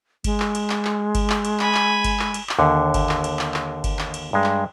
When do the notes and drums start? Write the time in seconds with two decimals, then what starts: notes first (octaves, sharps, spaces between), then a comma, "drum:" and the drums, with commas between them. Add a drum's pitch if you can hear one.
0.24 G#3, drum: kick G1, cymbal
0.40 drum: clap
0.55 drum: cymbal
0.70 drum: clap
0.85 drum: clap
1.15 drum: kick G1, cymbal
1.30 drum: clap
1.45 drum: cymbal
1.60 G#5 B5, drum: clap
1.75 drum: clap
2.04 drum: kick G1, cymbal
2.19 drum: clap
2.34 drum: cymbal
2.49 drum: clap
2.59 D#2 D3
2.94 drum: kick G1, cymbal
3.09 drum: clap
3.24 drum: cymbal
3.39 drum: clap
3.54 drum: clap
3.84 drum: kick G1, cymbal
3.99 drum: clap
4.14 drum: cymbal
4.33 G2 G#3
4.44 drum: clap